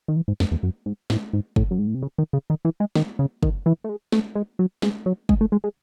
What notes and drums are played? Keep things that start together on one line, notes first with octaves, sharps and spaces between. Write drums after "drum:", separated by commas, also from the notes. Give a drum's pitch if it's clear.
D#3
E3
G#2
F#2, drum: snare
E2
F#2
G#2
A2, drum: snare
G#2
A2, drum: kick
F#2
G#2
A2
C3
C#3
D#3
C#3
D#3
E3
G#3
D#3, drum: snare
C#3
D#3, drum: kick
E3
A3
G#3
A3, drum: snare
G#3
F#3
G#3, drum: snare
F#3
G#3, drum: kick
A3
G#3
G#3